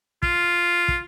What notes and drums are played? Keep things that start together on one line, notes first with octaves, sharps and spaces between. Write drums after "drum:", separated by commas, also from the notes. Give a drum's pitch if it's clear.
F4, drum: kick
drum: kick